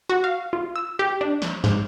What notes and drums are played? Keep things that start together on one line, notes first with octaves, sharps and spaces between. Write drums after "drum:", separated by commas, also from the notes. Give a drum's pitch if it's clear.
F#4
F5
F4
E6
G4
D4
drum: snare
G#2, drum: snare